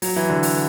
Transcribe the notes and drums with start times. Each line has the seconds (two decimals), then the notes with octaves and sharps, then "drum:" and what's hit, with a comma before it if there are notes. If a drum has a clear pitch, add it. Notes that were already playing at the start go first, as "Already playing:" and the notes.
0.02 F#3, drum: open hi-hat
0.16 E3
0.30 D3
0.43 drum: open hi-hat